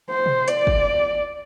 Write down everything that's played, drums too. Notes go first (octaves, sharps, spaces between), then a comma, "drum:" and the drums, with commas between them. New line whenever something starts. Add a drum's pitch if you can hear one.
C5
drum: tom B2
D5, drum: hi-hat
drum: kick